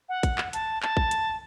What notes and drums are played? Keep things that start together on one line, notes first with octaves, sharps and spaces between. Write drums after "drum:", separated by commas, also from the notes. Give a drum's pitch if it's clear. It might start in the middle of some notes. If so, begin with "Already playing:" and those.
F#5
drum: kick, hi-hat
drum: clap
A5, drum: hi-hat
A5, drum: clap
drum: kick
drum: hi-hat